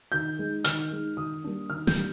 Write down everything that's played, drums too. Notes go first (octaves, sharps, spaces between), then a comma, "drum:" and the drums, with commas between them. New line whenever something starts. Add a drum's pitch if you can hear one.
D#3 G6
G#3 D#4
D#3 F6, drum: hi-hat
G#3 D#4
D#3 D#6
G3 A#3 D4
D#3 F6
G6, drum: snare
G3 A#3 D4